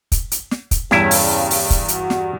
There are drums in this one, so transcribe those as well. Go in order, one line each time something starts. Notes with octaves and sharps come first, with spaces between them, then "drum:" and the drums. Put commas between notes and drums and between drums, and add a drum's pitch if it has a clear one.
drum: kick, hi-hat
drum: hi-hat
drum: snare
drum: kick, hi-hat
E2 G2 C#3 G3 E4, drum: snare
drum: open hi-hat
drum: open hi-hat
drum: kick, hi-hat
F#4, drum: hi-hat
drum: snare